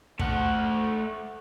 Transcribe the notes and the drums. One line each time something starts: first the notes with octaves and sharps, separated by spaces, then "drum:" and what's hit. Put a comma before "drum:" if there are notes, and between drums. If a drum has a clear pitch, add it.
A3 F#5, drum: kick